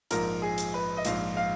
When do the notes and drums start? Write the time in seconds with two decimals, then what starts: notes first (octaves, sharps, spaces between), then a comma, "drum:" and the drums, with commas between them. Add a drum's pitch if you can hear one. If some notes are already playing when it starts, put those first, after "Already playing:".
0.11 A#1 G#2 F3 A#4, drum: hi-hat
0.42 G#4
0.58 drum: hi-hat
0.74 B4
0.97 D#5
1.05 A#1 G#2 F3 F5, drum: hi-hat
1.37 F5